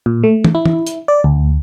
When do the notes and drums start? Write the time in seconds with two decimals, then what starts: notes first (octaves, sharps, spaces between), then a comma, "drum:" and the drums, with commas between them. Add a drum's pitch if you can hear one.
0.06 A#2
0.24 A3
0.45 drum: tom
0.55 E4
0.66 drum: tom
0.87 drum: hi-hat
1.08 D5
1.24 D2